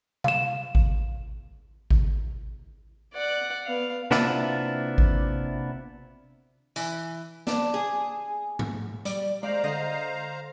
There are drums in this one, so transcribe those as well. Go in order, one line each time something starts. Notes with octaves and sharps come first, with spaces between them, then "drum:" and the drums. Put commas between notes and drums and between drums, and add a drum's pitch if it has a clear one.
F5 E7, drum: tom C3
drum: kick G#1
drum: kick G#1
D5 F#5
B3 F5
C3 A#3 B3 D4 E4 F4, drum: snare
drum: kick G#1
E3, drum: tambourine
D4, drum: snare
G#4 G#5
drum: tom G#2
G3 D5, drum: hi-hat
G#3 C5 D5 F5 A#5
D3 D#5 C7